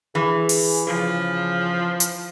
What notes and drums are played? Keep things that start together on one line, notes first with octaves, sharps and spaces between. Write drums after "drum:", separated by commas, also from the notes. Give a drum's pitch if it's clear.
E3 G#4
drum: open hi-hat
C#3 F3
drum: hi-hat